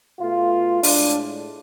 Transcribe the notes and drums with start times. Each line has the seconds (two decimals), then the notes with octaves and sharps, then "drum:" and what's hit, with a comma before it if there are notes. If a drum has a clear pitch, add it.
0.20 B2 A3 F4
0.83 A2 G#3 D4, drum: open hi-hat